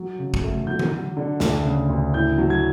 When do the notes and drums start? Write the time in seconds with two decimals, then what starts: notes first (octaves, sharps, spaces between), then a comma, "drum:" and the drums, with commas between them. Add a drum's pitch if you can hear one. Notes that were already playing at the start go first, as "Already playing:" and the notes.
Already playing: F#3
0.18 C#3
0.34 drum: kick
0.43 A3
0.67 F#3 G6
0.79 drum: tom D3
0.92 F#3
1.17 D3
1.40 D2, drum: snare
1.64 C#3
1.89 D2
2.13 A2 G6
2.38 F#3
2.50 G#6